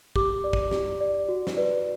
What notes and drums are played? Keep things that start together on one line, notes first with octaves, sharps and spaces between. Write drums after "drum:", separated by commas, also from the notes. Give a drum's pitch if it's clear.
G4 D6, drum: kick
D5
drum: kick
G4, drum: snare
D5
F#4
drum: snare
B4 D5